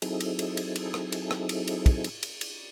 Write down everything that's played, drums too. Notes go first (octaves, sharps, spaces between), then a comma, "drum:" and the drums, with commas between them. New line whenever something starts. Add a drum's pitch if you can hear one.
F#3 C4 D#4 E4 G#4 A4, drum: cymbal
drum: cymbal
drum: cymbal
drum: cymbal
drum: cymbal
drum: rim click
drum: cymbal
drum: rim click
drum: cymbal
drum: cymbal
drum: kick, cymbal
drum: cymbal
drum: cymbal
drum: cymbal